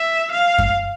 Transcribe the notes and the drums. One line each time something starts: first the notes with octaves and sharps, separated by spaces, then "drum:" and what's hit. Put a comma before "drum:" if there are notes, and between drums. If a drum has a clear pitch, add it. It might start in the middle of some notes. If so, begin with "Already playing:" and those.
Already playing: E5
F5
drum: kick F#2